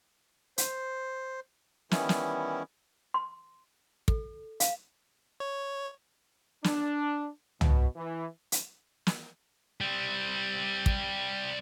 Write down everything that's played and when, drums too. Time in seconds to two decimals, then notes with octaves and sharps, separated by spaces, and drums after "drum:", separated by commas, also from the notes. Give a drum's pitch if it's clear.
0.58 C5, drum: hi-hat
1.91 D#3 E3 G3 B3 C#4 E4, drum: snare
2.09 drum: snare
3.14 C6
4.08 A4, drum: kick
4.60 F5, drum: hi-hat
5.40 C#5
6.64 D4, drum: snare
7.61 B2, drum: tom
7.96 E3
8.52 drum: hi-hat
9.07 drum: snare
9.81 G3 C4
10.86 drum: kick